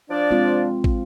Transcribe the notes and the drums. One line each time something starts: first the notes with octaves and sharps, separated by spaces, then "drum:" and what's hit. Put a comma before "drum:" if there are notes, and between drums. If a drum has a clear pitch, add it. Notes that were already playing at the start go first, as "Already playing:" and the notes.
F3 D4 D5
G#3 C4 F4
drum: kick